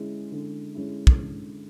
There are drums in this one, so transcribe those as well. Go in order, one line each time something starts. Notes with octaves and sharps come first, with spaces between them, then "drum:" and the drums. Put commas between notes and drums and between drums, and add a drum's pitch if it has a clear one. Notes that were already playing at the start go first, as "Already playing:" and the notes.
Already playing: D3 G#3 C#4 E4
D3
G#3 C#4 E4
drum: kick
D3